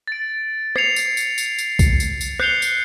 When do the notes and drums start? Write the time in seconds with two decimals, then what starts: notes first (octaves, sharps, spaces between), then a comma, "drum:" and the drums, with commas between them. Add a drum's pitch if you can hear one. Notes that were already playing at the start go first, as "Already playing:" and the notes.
0.08 A6 D7
0.76 G#6 C7 C#7 F7, drum: rim click
0.96 drum: tambourine
1.17 drum: tambourine
1.38 drum: tambourine
1.59 drum: tambourine
1.79 drum: kick, tambourine
2.00 drum: tambourine
2.21 drum: tambourine
2.39 F#6 G6 C7 C#7 F7 G7, drum: rim click
2.62 drum: tambourine